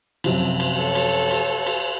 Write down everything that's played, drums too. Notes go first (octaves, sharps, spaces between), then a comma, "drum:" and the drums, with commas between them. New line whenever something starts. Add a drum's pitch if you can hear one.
F#2 C3 F3, drum: cymbal
drum: cymbal
A4 C#5
drum: cymbal
drum: cymbal
drum: cymbal